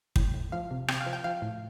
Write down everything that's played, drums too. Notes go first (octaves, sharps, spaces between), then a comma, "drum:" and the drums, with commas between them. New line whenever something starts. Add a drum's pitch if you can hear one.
A2 G5, drum: kick
A2
F3 F5
C3
C3 G5, drum: rim click
F5
F3
G5
F3 F5
A2